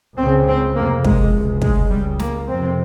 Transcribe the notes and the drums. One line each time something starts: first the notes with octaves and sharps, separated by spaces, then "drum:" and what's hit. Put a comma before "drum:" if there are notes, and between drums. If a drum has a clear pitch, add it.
C#2 C#3 C4
C4
F2 C3 A#3
G#3, drum: kick
C#2 C3
G#3, drum: kick
C#2 C#3 G3
A#3, drum: snare
F2 C3 C4